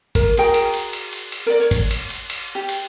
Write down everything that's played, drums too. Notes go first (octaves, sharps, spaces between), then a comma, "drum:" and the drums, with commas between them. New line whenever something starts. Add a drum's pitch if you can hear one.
A#4, drum: kick, cymbal
F#4 G#4 A#4 G5, drum: cymbal
drum: cymbal
drum: cymbal
drum: cymbal
drum: cymbal
drum: cymbal
A#4 D5
C#5
drum: kick, cymbal
drum: cymbal
drum: cymbal
drum: cymbal
G4
drum: cymbal